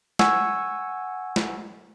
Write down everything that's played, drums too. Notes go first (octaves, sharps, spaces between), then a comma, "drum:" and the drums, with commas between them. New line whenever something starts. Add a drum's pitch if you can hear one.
F#5 G#5 C#6 E6 G#6, drum: snare
drum: snare